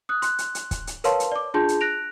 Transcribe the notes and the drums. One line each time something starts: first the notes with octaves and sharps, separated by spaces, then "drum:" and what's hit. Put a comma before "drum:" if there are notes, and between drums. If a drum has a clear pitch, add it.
D#6 F#6
C6 F#6, drum: hi-hat
drum: hi-hat
drum: hi-hat
drum: kick, hi-hat
drum: hi-hat
A#4 B4 C#5 F5 A5 C6, drum: hi-hat
drum: hi-hat
D5 D6
D4 F4 G#4 A5 C6 G6
drum: hi-hat
F#6 A#6 D7 F7